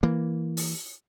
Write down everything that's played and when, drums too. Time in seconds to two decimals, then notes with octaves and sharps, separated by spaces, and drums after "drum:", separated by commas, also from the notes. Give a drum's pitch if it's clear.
0.03 E3 A#3
0.57 drum: open hi-hat